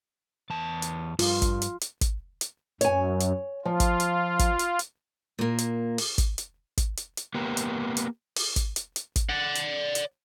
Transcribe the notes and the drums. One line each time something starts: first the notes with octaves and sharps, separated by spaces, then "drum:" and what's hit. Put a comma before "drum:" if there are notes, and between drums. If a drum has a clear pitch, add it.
E2 A5
drum: hi-hat
G2 F4, drum: open hi-hat
drum: kick, hi-hat
drum: hi-hat
drum: hi-hat
drum: kick, hi-hat
drum: hi-hat
F#2 C#5 G#5, drum: hi-hat
drum: hi-hat
F3 F4
drum: kick, hi-hat
drum: hi-hat
drum: kick, hi-hat
drum: hi-hat
drum: hi-hat
A#2 A#3
drum: hi-hat
drum: open hi-hat
drum: kick, hi-hat
drum: hi-hat
drum: kick, hi-hat
drum: hi-hat
drum: hi-hat
A#3 B3 G4
drum: hi-hat
drum: hi-hat
drum: open hi-hat
drum: kick, hi-hat
drum: hi-hat
drum: hi-hat
drum: kick, hi-hat
D5 F#5
drum: hi-hat
drum: hi-hat